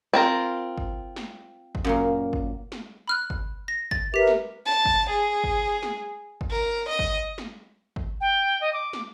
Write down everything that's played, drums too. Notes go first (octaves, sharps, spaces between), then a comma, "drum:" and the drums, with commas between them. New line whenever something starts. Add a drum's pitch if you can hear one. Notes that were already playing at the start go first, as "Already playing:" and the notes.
C4 F4 A#4
drum: kick
drum: snare
drum: kick
F#2 A#2 A#3
drum: kick
drum: snare
B5 F6 F#6
drum: kick
A#6
A6, drum: kick
G4 A#4 B4 E5 B6
drum: snare
A5
drum: kick
G#4
drum: kick
drum: snare
drum: kick
A#4
D#5
drum: kick
drum: snare
drum: kick
G5
D#5
D6
drum: snare